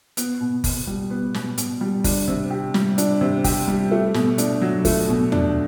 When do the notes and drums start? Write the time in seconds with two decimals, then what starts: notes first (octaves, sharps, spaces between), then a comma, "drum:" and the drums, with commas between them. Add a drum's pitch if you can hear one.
0.17 B3, drum: hi-hat
0.41 B2
0.64 B2, drum: kick G1, open hi-hat
0.87 G3
1.10 B3
1.34 B2, drum: snare
1.58 B2, drum: hi-hat
1.81 G3
2.04 D4, drum: kick G1, open hi-hat
2.28 C3
2.51 G4
2.74 G3, drum: snare
2.98 D4, drum: hi-hat
3.21 C3
3.44 G4, drum: kick G1, open hi-hat
3.68 G3
3.91 A3
4.14 B2, drum: snare
4.38 D4, drum: hi-hat
4.62 F#3
4.85 A3, drum: kick G1, open hi-hat
5.08 B2
5.32 D4, drum: tom E2